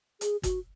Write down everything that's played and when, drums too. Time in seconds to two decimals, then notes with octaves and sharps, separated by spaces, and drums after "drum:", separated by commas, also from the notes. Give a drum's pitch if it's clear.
0.21 G#4, drum: hi-hat
0.43 F#4, drum: kick, hi-hat